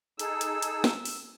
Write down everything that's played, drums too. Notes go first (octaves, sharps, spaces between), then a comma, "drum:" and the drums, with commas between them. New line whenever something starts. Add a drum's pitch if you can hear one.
D#4 G#4 A4 E6, drum: hi-hat
drum: hi-hat
drum: hi-hat
drum: snare
drum: open hi-hat